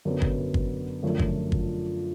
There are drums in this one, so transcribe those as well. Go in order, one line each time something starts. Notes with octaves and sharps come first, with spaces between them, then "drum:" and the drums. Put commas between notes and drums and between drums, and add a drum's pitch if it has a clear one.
F#2 D3 F#3 B3
drum: kick G1
drum: kick G1
F#2 D3 F3 A3
drum: kick G1
drum: kick G1